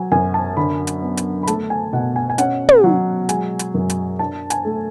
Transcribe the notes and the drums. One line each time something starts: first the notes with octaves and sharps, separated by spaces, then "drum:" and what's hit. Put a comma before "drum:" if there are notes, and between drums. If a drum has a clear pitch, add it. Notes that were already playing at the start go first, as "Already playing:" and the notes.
Already playing: F#3 G#5
F#2 G#5
A5
D3 B5
drum: hi-hat
B3
drum: hi-hat
B5
A3 A5, drum: hi-hat
G#5
B2 F#5
G#5
G#5
C#4 F#5, drum: hi-hat
drum: tom
F#3
G#3 G#5, drum: hi-hat
drum: hi-hat
F#2
drum: hi-hat
D4 A5
G#5, drum: hi-hat
A3